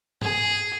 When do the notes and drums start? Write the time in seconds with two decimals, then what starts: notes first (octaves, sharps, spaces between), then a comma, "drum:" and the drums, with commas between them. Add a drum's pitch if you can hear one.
0.22 G#4, drum: tom G2